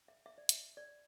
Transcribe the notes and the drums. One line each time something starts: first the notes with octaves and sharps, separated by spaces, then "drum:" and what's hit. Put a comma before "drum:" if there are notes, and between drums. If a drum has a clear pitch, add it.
E5
E5
D5
E5, drum: hi-hat
D5